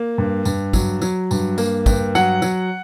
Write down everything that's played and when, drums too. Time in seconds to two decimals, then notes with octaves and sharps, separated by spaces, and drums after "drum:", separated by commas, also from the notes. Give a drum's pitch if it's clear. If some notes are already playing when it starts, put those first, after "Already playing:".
Already playing: A#3
0.18 G2
0.45 G2, drum: tambourine
0.73 F#3, drum: kick, tambourine
1.02 F#3, drum: tambourine
1.31 G2, drum: tambourine
1.58 A#3, drum: tambourine
1.86 G2, drum: kick, tambourine
2.15 F#3 F#5, drum: tambourine
2.42 F#3, drum: tambourine